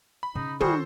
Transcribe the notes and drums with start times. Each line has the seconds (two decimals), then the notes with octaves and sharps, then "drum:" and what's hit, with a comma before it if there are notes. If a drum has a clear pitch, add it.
0.23 B5
0.35 C#3 D#4
0.60 D#3 G3 F4 F#4 G#4 A4 C5, drum: tom